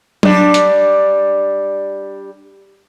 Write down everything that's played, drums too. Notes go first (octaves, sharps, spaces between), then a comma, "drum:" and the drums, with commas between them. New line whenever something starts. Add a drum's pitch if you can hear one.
G3 D4, drum: tom F#3
drum: hi-hat